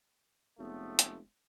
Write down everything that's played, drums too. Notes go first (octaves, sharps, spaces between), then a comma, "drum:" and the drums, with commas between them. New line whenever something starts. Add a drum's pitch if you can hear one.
F1 C#3 G#3 A3 B3
drum: hi-hat